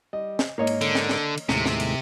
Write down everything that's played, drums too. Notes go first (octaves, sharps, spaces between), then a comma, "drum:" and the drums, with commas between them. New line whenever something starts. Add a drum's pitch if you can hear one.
G3 D#5
drum: snare
G#2 A#3 A#4 C#5 D#5
drum: cymbal
D3, drum: cymbal
drum: snare
drum: snare
drum: cymbal
D#2 A2 C3 G#3, drum: snare
drum: snare
drum: cymbal